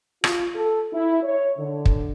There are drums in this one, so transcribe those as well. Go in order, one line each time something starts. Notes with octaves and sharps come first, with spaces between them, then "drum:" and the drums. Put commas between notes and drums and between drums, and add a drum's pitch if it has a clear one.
F4, drum: rim click
A4
E4
C#5
D3
drum: kick